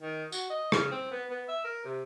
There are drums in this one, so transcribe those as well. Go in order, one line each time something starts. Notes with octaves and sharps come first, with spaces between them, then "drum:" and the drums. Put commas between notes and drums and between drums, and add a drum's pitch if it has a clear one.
D#3
F#4, drum: tambourine
D#5
C#3, drum: rim click
C4
B3
B3
E5
A#4
C3